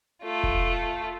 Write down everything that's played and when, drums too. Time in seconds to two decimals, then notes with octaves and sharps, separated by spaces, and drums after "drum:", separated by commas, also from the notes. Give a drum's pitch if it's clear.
0.23 A3 F4
0.43 drum: kick E1